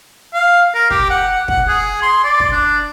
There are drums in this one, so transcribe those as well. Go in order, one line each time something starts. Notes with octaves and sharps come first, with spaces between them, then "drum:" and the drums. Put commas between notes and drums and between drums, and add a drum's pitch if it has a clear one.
F5
A#4
G4, drum: kick
F#5
F#5
F#5, drum: kick
G#4
C6
D5
drum: kick
D4